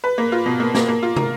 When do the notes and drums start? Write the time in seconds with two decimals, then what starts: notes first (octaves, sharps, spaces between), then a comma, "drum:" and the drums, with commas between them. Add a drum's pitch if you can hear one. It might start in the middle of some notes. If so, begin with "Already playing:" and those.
0.04 B4
0.18 A#3
0.32 F4
0.46 B2
0.60 A#3
0.75 A#3, drum: snare
0.88 A#3
1.03 F4
1.16 A#4, drum: tom